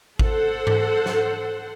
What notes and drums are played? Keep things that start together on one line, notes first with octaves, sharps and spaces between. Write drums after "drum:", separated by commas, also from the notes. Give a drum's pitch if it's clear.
A4 C5 F#5, drum: kick G#1
drum: tom G#2
drum: snare